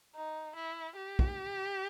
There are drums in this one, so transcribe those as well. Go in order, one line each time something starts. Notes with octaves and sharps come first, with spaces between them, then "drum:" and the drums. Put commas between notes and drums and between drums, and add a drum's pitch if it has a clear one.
D#4
E4
G4
drum: kick